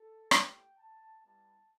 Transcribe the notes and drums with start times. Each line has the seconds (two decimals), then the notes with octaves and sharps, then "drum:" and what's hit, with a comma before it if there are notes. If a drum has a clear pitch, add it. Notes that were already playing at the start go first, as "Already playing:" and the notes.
Already playing: A4
0.31 A3 E4 G4 G5, drum: rim click
0.78 A5
1.23 G3 B3 E4 G4 A5